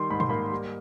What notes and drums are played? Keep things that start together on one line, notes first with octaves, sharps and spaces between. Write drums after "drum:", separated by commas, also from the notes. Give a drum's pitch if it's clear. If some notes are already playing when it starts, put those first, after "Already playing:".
Already playing: D#3 G3 C6
G#2 B5
C6, drum: tom
A#3 B5
G3